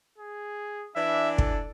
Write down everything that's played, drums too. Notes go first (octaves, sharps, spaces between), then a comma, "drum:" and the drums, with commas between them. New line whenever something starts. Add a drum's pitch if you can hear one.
G#4
E3 D4 E5
A4, drum: kick